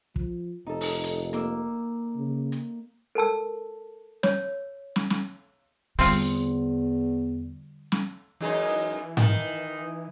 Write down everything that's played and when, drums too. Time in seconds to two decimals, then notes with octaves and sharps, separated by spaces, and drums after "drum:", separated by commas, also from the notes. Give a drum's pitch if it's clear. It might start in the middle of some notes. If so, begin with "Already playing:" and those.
0.16 F3, drum: kick
0.67 F1 D#4 A4
0.81 drum: open hi-hat
1.04 drum: hi-hat
1.33 A#3 D6 E6, drum: hi-hat
2.16 C#3
2.52 drum: hi-hat
3.15 A4 A#4 A5 E6
4.23 C#5, drum: snare
4.96 drum: snare
5.10 drum: snare
5.99 E2 D3 G3 C4 F4, drum: open hi-hat
7.92 drum: snare
8.41 F#2 E3 G#3 D#4
9.17 D#3, drum: tom G#2